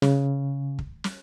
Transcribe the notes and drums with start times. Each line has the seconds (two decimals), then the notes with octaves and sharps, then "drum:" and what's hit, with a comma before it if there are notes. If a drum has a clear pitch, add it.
0.02 C#3, drum: snare
0.79 drum: kick
1.04 drum: snare